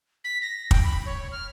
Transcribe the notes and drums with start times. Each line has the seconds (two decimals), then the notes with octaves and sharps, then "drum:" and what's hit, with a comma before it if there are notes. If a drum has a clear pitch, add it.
0.24 B6
0.42 A#6
0.71 G5, drum: kick
0.84 B5
1.06 C#5
1.32 F6